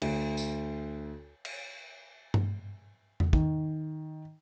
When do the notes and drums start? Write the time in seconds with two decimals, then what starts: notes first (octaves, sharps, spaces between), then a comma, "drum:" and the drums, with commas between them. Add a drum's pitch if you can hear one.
0.02 D2, drum: cymbal
0.37 drum: tambourine
1.45 drum: cymbal
2.34 drum: tom G2
3.20 drum: tom E2
3.33 D#3, drum: kick